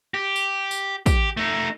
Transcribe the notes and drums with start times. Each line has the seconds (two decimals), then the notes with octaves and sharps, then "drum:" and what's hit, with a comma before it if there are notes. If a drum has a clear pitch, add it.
0.14 G4
0.36 drum: tambourine
0.71 drum: tambourine
1.06 G4, drum: kick, tambourine
1.37 A3 D#4